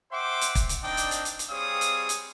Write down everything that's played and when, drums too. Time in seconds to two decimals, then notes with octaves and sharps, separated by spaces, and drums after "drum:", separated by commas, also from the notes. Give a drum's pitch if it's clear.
0.11 C5 E5 F#5 G5 C6 D6
0.41 drum: hi-hat
0.55 drum: kick, hi-hat
0.69 drum: hi-hat
0.83 C4 D4 D#4 D5 D#5 G5
0.97 drum: hi-hat
1.11 drum: hi-hat
1.25 drum: hi-hat
1.39 drum: hi-hat
1.50 G3 C4 G#4 C#5 F5 D#6
1.81 drum: hi-hat
2.09 drum: hi-hat